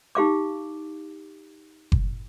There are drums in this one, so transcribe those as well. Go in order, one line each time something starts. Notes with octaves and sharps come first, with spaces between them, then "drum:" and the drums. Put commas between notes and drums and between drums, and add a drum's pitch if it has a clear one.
D#4 G4 F5 D6
drum: kick F#1